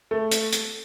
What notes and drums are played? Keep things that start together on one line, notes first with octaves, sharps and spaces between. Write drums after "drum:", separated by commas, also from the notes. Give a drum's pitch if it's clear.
A3
drum: hi-hat
drum: hi-hat